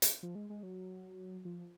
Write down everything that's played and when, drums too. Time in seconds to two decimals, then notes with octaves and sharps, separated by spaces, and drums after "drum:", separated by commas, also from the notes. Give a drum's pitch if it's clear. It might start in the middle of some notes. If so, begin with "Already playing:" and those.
0.02 drum: hi-hat
0.23 F3
0.35 G#3
0.50 G#3
0.63 F#3
1.45 F3